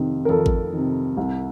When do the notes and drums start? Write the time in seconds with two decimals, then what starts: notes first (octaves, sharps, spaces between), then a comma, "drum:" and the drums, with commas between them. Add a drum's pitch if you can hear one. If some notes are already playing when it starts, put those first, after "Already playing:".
Already playing: F2 C3 D#3
0.25 A#4
0.29 F2 A4, drum: tom D#3
0.46 drum: kick G#1
0.73 C3 D#3
1.17 C2